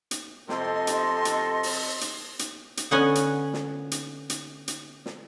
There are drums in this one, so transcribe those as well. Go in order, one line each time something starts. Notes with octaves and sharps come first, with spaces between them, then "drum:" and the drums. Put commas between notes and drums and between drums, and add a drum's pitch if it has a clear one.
drum: hi-hat
F2 C3 A4 D#5 C6, drum: snare
drum: hi-hat
drum: hi-hat
drum: open hi-hat
drum: hi-hat
drum: hi-hat
drum: hi-hat
D3 B3 C#4 D#5 F#5 G#5
drum: hi-hat
drum: snare
drum: hi-hat
drum: hi-hat
drum: hi-hat
drum: snare